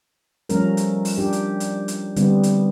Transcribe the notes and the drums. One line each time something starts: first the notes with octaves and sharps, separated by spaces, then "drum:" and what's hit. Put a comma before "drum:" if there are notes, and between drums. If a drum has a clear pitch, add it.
F3 G3 A3 C#4 A#4, drum: hi-hat
drum: hi-hat
drum: open hi-hat
D4 G4
drum: hi-hat
drum: hi-hat
drum: hi-hat
D3 G3 B3 C4, drum: hi-hat
drum: hi-hat